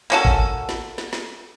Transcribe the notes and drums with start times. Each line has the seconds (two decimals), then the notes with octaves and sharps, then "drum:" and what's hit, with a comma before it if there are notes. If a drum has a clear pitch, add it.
0.10 A#3 C#4 F#4 A4
0.25 drum: kick
0.69 drum: snare
0.98 drum: snare
1.13 drum: snare